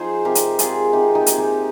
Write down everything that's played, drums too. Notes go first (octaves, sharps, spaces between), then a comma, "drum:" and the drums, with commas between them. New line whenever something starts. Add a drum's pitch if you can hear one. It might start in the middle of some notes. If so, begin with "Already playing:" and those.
Already playing: F3 D#4 G#4 C5
C3 G4 A#4
drum: hi-hat
G#3 F4 G#4, drum: hi-hat
C3 D#4 G4
D#4 G4
A#3 G#4, drum: hi-hat
D#4 G4